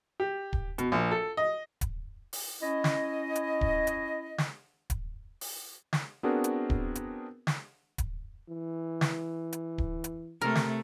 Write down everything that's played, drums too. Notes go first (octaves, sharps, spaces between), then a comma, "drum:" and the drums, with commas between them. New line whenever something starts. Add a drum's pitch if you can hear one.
G4
drum: kick D1
B2, drum: hi-hat
A#1
A4
D#5
drum: kick D1, hi-hat
drum: open hi-hat
C#4 E4 D#5
drum: snare
drum: hi-hat
drum: kick D1
drum: hi-hat
drum: snare
drum: kick D1, hi-hat
drum: open hi-hat
drum: snare
B3 C4 D4 F#4 G#4 A#4
drum: hi-hat
drum: kick D1
drum: hi-hat
drum: snare
drum: kick D1, hi-hat
E3
drum: snare
drum: hi-hat
drum: kick D1
drum: hi-hat
C3 A3 A#4
drum: snare